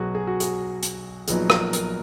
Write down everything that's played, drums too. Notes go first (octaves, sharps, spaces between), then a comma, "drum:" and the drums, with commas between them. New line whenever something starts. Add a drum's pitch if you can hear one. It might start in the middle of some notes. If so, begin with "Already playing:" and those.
Already playing: B1 B2 F#3 F#4 G#4
G#4
F#4
G#4, drum: hi-hat
drum: hi-hat
A#1 A#2 F#3 B3 D#4 G#4, drum: hi-hat
A#4, drum: rim click
A#4, drum: hi-hat